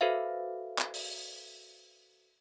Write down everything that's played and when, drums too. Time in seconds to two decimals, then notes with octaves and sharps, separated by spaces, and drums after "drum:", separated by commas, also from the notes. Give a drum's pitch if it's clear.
0.01 F#4 A4 B4 C5 E5 F5
0.78 drum: clap
0.94 drum: open hi-hat